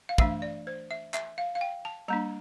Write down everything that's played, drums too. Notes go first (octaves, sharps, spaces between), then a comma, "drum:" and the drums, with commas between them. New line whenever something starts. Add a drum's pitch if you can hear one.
F5
E3 A3 D4 E5, drum: kick
D5
C5
E5
E5, drum: clap
F5
F5
G5
A5
G3 A#3 D4 A#5